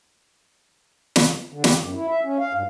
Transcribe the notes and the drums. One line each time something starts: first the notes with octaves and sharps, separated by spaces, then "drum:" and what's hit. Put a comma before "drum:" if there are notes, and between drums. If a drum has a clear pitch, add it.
drum: snare
D3
G4, drum: snare
F#2
E4
E5
C#4
F5
G2